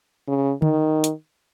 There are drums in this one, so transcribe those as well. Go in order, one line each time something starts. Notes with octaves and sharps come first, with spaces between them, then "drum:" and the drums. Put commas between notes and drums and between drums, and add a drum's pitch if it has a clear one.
C#3
D#3, drum: tom D3
drum: hi-hat